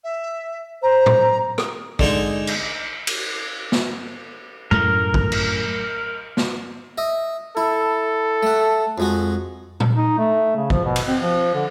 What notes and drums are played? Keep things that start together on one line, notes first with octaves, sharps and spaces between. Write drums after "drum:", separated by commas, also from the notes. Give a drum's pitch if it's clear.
E5
C5 A#5
drum: tom A2
drum: rim click
D3 G#3 D#4, drum: kick
drum: cymbal
drum: cymbal
drum: snare
F#2 A2 A3 A#4
drum: kick
drum: cymbal
drum: snare
D#5 E5
E4 A4
A3 F#5
F2 G#3 F#4
drum: tom A#2
D#4
A3
C#3
F3, drum: kick
B2
drum: cymbal
C4
F3
D3